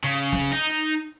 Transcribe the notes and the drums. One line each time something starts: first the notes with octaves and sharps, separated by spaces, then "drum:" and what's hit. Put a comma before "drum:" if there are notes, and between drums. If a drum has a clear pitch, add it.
C#3
drum: snare
D#4
drum: hi-hat